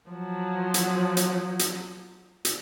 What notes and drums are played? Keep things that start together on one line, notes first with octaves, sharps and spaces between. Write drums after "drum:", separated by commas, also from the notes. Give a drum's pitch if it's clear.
F3 F#3
drum: hi-hat
drum: hi-hat
drum: hi-hat
drum: hi-hat